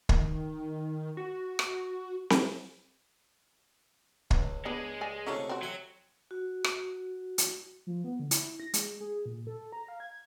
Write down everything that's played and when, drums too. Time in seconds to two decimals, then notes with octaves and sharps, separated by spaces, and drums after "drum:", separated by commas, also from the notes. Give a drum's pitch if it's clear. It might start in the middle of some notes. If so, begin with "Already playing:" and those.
0.09 D#3, drum: kick
1.17 F#4
1.59 drum: rim click
2.30 drum: snare C4
4.31 C#2, drum: kick
4.65 G#3 B3 D4 B4
5.01 D5 G#5
5.27 C3 A3 C#4 D#4 F4 C#5
5.49 C4 F#4
5.63 F#3 E5 G#5
6.31 F#4
6.64 drum: rim click
7.38 drum: hi-hat
7.87 F3
8.04 B3
8.20 D3
8.31 E4, drum: hi-hat
8.60 A#6
8.74 G#3, drum: hi-hat
9.01 G#4
9.26 A#2
9.47 A4
9.72 A#5
9.88 F5
10.00 G#6